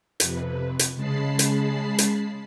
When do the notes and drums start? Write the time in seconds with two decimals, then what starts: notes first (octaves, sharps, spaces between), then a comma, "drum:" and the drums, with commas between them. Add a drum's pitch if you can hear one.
0.20 F2 C3 B4, drum: hi-hat
0.79 drum: hi-hat
0.95 C#3 G#3 A5 B5 C7
1.39 drum: hi-hat
1.98 drum: hi-hat